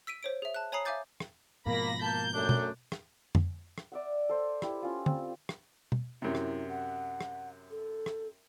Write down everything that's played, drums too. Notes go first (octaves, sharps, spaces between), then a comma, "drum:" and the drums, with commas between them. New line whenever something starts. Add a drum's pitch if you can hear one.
E6 B6 D7 D#7
C5 C#5 D7
G#4 E5
A5 F#6
C#5 G#5 A#5 B5 D#6 C7
E5 F5 G#5 D6 G6 A6
drum: rim click
G#2 B2 F3 A#3 B5 A#6
A#3 A5 G6
F#2 A3 D4
drum: tom B2
drum: rim click
drum: tom F2
drum: rim click
D5 E5 F#5
A4 C5
E4 G4, drum: rim click
C#4 F4
C4, drum: tom
drum: rim click
drum: tom B2
F#2 C3 E4
drum: rim click
F#5
drum: rim click
A4
drum: rim click